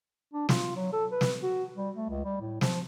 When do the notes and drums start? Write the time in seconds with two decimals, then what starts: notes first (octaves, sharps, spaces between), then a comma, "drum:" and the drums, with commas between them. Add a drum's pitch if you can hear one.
0.33 D4
0.49 F4, drum: snare
0.76 F#3
0.93 A4
1.12 B4
1.21 drum: snare
1.43 F#4
1.77 G3
1.96 A3
2.10 C#2
2.24 G3
2.41 A2
2.61 F3, drum: snare